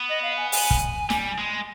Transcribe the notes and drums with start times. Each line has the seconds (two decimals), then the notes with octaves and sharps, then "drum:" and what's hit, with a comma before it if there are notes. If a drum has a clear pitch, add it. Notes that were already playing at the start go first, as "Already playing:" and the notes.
Already playing: B3
0.09 D#5
0.23 F5
0.37 G#5
0.52 G#5, drum: open hi-hat
0.71 drum: kick
1.10 G3, drum: snare
1.38 G#3